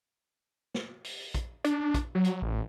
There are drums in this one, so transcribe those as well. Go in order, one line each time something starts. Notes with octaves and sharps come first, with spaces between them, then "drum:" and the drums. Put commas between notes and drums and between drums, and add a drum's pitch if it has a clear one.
drum: snare
drum: open hi-hat
drum: kick, hi-hat
D4, drum: hi-hat
drum: kick, hi-hat
F#3
drum: hi-hat
A1